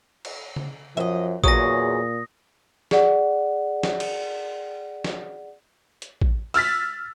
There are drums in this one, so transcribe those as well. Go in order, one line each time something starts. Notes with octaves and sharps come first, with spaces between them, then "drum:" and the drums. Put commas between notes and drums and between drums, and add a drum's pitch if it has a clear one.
drum: cymbal
drum: tom C#3
F#2 F3 D#5 E5
E2 A#2 F#3 G#4 D#6 A#6, drum: kick A1
G#4 D5 F#5, drum: snare
drum: snare
drum: cymbal
drum: snare
drum: hi-hat
drum: kick A1
E6 F6 A6 B6, drum: open hi-hat